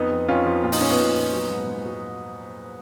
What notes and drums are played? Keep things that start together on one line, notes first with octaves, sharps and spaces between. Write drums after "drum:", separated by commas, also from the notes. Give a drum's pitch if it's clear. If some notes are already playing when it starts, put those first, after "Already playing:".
Already playing: F2 B3 D#4
F2
F2 C#4 F4
F3
A#2 F4
D#4, drum: open hi-hat
A#2 C#4
B3 D#4
A#2
A#2
F#3
G#2
G#2
F#3